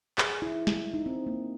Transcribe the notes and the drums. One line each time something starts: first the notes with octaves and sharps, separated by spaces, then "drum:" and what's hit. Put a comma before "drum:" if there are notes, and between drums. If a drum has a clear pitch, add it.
G#4, drum: clap
E4
drum: snare
D#4
C4
A#3